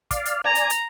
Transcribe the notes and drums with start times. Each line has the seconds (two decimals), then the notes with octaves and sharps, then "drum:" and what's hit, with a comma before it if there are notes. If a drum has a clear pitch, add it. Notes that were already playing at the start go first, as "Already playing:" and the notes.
0.11 D5 F5, drum: kick, hi-hat
0.25 drum: hi-hat
0.45 D5 G#5 A#5
0.55 drum: hi-hat
0.70 drum: hi-hat